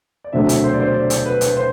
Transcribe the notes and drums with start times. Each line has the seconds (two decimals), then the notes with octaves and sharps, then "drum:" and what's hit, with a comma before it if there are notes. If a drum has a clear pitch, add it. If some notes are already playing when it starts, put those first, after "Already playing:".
0.24 D5
0.33 E1 D2 C3 F#3 A3 E5
0.49 E5, drum: hi-hat
0.64 C5
0.73 D5
0.80 C5
0.94 D5
1.10 drum: hi-hat
1.26 B4
1.41 drum: hi-hat
1.57 C5